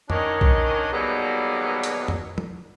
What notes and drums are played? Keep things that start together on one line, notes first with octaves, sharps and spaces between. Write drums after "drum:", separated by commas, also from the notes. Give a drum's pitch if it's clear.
D#3 C#4 D4 C#5 D#5, drum: tom
drum: kick B1
B2 D#3 F#3 G3 A#3 G#4
drum: hi-hat
drum: tom
drum: tom F3